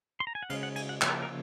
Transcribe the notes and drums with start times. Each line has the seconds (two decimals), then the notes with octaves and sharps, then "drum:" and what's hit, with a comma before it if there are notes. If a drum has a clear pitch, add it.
0.20 C6
0.27 A#5
0.35 G#5
0.43 F#5
0.50 C#3 G#3 C#4 F5, drum: cymbal
0.63 F#5
0.76 G#5, drum: cymbal
0.89 F#5
1.01 C#3 F3 A#3 C#4 C#5, drum: clap
1.23 A#4